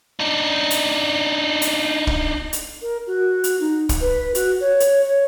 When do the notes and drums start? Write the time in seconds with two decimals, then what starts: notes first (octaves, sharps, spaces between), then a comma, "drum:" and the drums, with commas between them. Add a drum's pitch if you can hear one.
0.20 D4 D#4
0.71 drum: hi-hat
1.62 drum: hi-hat
2.07 drum: kick
2.53 drum: hi-hat
2.82 A#4
3.07 F#4
3.44 drum: hi-hat
3.60 D#4
3.89 drum: kick, hi-hat
4.01 B4
4.35 F#4, drum: hi-hat
4.61 C#5
4.80 drum: hi-hat
5.05 C#5